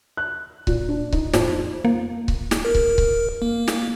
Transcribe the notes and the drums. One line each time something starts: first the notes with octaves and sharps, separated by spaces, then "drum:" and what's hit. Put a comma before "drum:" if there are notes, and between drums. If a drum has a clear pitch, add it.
F#6
A#2, drum: kick C#1
D4
D#4, drum: kick C#1
F2, drum: snare
A#3
drum: kick C#1
drum: snare
A#4
drum: kick C#1
drum: kick C#1
A#3
drum: snare